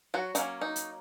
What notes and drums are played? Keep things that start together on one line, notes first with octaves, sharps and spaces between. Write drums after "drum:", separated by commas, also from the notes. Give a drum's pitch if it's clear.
F#3 F#4
F#3 A#3 C#4 D#4, drum: hi-hat
D#4
drum: hi-hat